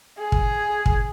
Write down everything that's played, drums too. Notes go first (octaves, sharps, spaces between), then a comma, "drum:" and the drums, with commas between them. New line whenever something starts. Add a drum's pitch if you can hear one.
G#4
drum: kick
drum: kick